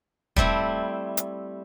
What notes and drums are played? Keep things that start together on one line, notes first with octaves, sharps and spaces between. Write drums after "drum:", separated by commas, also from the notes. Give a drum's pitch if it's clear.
G3 A3 C4 E4, drum: kick
drum: hi-hat